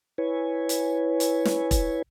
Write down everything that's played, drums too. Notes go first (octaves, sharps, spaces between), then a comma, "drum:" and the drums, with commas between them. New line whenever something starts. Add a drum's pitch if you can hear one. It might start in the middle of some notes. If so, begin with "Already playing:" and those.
E4 B4 C#5 G#5
drum: hi-hat
drum: hi-hat
drum: snare
drum: kick E1, hi-hat